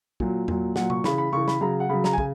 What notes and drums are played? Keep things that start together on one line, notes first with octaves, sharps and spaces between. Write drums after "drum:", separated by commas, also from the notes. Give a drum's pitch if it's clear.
A#2 F#3, drum: kick
A#2 F#3, drum: tom E2
A#2 F#3 F#5, drum: snare
C#6, drum: tom C3
C#3 E3 B5, drum: snare
B5
C#3 E3 C#6
B5, drum: snare
C#3 F#3 A#5
F#5
C#3 F#3 B5
A#5, drum: snare
G#5
C#3, drum: kick